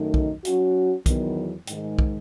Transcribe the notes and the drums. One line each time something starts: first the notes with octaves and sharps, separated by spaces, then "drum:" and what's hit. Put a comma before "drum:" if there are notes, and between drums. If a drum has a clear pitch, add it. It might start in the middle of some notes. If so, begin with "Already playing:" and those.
Already playing: F#2 D#3 A3 D#4
drum: kick
F#3 C#4 F#4, drum: hi-hat
E2 D#3 F#3 B3, drum: kick, hi-hat
G#2 D#3 G#3, drum: hi-hat
drum: kick